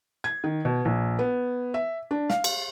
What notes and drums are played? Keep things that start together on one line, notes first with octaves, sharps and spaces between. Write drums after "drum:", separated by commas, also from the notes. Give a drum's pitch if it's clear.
G#6
D#3
B2
A#1
B3
E5
D4
F5, drum: snare
drum: cymbal